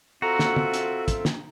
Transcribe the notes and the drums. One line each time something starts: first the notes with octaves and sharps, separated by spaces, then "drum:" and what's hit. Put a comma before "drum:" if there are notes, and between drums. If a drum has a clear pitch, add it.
C4 F4 F#4 A4 E5 A#5
drum: snare
drum: tom
drum: hi-hat
drum: kick, hi-hat
drum: snare